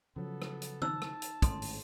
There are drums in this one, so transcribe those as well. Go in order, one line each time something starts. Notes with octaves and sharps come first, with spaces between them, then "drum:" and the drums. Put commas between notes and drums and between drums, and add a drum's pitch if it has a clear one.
C#3 F3 F#3 B3 A4
drum: rim click
drum: hi-hat
D#4 C5 A5 E6, drum: tom D#3
drum: rim click
drum: hi-hat
G#1 A2 C#4 A4 C6, drum: kick, hi-hat
drum: open hi-hat